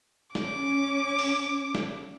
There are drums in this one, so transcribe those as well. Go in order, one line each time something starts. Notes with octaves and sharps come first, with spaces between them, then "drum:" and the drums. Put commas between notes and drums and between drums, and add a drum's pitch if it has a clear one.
C#4 D6, drum: snare
drum: open hi-hat
drum: snare